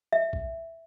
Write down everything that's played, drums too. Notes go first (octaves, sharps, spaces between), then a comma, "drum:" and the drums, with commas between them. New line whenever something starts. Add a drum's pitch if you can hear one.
E5
drum: kick